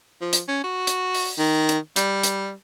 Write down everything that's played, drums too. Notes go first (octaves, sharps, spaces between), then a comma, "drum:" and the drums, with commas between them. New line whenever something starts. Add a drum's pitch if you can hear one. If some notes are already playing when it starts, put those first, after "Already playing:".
F3
drum: hi-hat
C#4
F#4
drum: hi-hat
drum: open hi-hat
D#3
drum: hi-hat
G3, drum: hi-hat
drum: hi-hat